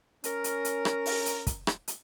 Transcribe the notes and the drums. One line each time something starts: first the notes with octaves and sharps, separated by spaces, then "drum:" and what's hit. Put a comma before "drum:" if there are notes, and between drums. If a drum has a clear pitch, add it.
C#4 A#4, drum: hi-hat
drum: hi-hat
drum: hi-hat
drum: rim click
drum: open hi-hat
drum: hi-hat
drum: kick, hi-hat
drum: rim click
drum: hi-hat